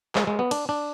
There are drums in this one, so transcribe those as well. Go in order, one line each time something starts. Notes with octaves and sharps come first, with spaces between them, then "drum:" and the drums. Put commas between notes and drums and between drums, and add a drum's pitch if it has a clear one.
G#3, drum: clap
G#3
B3
D4, drum: cymbal
D4